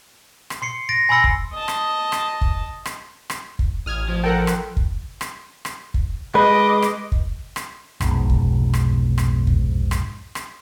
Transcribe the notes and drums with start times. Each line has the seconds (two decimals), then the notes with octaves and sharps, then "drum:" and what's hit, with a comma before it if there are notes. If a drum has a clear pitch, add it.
0.50 drum: rim click
0.62 C6 C7 C#7
0.89 A6 A#6 D7
1.09 G#5 B5 C6 E6 A#6 C#7
1.24 drum: kick
1.54 D#5 A5
1.68 drum: rim click
2.12 drum: rim click
2.41 drum: kick
2.85 drum: rim click
3.30 drum: rim click
3.59 drum: kick
3.86 A1 D#6 F6 G#6
4.08 A1 F3
4.23 A4 A#4 F#5 G5
4.47 drum: rim click
4.77 drum: kick
5.21 drum: rim click
5.65 drum: rim click
5.94 drum: kick
6.35 G#3 B4 D#5 D6
6.82 drum: rim click
7.12 drum: kick
7.56 drum: rim click
8.01 F1 B1 G#2 B2, drum: rim click
8.29 drum: kick
8.74 drum: rim click
9.18 drum: rim click
9.47 drum: kick
9.91 drum: rim click
10.35 drum: rim click